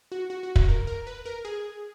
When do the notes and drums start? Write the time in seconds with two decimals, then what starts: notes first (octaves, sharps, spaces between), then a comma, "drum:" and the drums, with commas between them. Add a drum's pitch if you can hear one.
0.12 F#4
0.30 F#4
0.43 F#4
0.56 F#4, drum: kick
0.69 A#4
0.87 A#4
1.07 B4
1.26 A#4
1.45 G#4